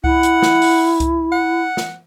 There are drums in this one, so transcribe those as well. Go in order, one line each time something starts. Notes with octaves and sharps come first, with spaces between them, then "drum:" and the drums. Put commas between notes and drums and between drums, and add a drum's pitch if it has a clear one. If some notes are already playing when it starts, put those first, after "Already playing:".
E4 F#5, drum: kick C2
drum: hi-hat
drum: snare
drum: open hi-hat
drum: kick C2, hi-hat
F#5
drum: snare